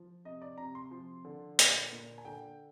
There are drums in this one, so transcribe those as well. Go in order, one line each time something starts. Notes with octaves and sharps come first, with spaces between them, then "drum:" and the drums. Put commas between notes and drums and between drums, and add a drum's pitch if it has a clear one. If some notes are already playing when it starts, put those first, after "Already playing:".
Already playing: F3
C3 D#5
D5
C3 A#5
C6
F3
D3
A#2, drum: hi-hat
A#2
G#5
D3 G5